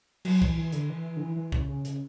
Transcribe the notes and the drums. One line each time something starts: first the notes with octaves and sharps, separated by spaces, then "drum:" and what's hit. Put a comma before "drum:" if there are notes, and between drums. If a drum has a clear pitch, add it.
F#3, drum: cymbal
E3, drum: kick C2
E3
D3, drum: hi-hat
E3
D3
E3
E3
C#3, drum: kick C2
C#3
C#3, drum: hi-hat